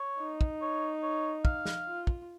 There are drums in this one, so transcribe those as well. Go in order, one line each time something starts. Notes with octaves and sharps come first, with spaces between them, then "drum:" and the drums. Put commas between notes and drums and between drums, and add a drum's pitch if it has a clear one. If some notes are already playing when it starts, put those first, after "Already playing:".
Already playing: C#5
D#4
drum: kick
C#5
C#5
F5, drum: kick
drum: snare
F4
drum: kick